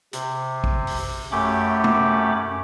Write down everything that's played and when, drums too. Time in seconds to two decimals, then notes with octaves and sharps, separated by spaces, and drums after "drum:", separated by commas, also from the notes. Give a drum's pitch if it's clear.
0.13 C3, drum: hi-hat
0.64 drum: kick A#1
0.87 drum: open hi-hat
1.32 F#2 A3 C#4 G4 B5 D6
1.84 drum: tom